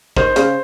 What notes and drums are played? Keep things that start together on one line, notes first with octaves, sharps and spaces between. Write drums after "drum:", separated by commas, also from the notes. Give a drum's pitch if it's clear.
D#3 C5, drum: kick
C#3, drum: hi-hat